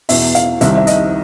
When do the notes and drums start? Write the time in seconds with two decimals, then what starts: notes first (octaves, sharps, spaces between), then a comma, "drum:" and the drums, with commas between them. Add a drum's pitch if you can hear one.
0.09 E2 B2 E5, drum: open hi-hat
0.35 F5, drum: hi-hat
0.61 C2 C3 D#3 E5, drum: hi-hat
0.77 E5
0.87 D#5, drum: hi-hat